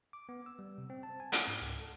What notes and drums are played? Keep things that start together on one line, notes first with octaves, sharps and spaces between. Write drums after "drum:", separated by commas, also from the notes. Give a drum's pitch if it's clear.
D6
B3
E6
G3
C3
C4
A5
G#5
F#5, drum: hi-hat
G#2
C#2
A4